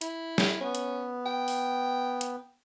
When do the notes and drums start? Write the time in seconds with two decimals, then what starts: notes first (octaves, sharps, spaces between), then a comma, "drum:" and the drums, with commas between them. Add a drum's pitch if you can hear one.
0.01 E4, drum: hi-hat
0.38 drum: snare
0.61 B3 C#4
0.75 drum: hi-hat
1.26 G5
1.48 drum: open hi-hat
2.21 drum: hi-hat